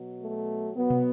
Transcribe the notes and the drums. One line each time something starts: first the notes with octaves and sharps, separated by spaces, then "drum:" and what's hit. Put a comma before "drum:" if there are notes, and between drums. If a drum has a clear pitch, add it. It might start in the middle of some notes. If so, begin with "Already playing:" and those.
Already playing: B2 F#3
A3
B2 F#3 B3
drum: tom